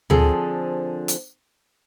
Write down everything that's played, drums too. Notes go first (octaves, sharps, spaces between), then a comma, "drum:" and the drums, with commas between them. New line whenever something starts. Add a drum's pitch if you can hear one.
D3 F3 C4 G#4 A4, drum: tom D2
drum: hi-hat